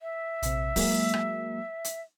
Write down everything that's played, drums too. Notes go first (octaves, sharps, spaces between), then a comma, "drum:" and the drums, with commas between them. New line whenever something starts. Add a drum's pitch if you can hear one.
E5
A#1 C3, drum: hi-hat
F#3 G#3 A#3, drum: kick, open hi-hat
drum: rim click
drum: hi-hat